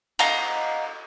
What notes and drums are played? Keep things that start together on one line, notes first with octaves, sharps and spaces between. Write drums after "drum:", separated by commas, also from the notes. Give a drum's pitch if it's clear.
D#5 F5 F#5 A#5, drum: cymbal